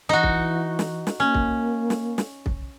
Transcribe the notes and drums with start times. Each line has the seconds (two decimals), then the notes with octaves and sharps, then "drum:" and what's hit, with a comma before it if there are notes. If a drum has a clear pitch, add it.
0.09 E3 D#4 F#4
0.23 drum: kick
0.79 drum: snare
1.07 drum: snare
1.20 A#3 C#4
1.34 drum: kick
1.90 drum: snare
2.18 drum: snare
2.46 drum: kick